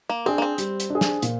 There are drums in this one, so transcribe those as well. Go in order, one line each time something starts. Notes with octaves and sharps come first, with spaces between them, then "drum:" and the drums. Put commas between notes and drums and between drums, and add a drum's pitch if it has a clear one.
A#3
C4 D4 G#4
A#3
C4
G3, drum: hi-hat
drum: hi-hat
D4 G#4
drum: snare
A#2, drum: hi-hat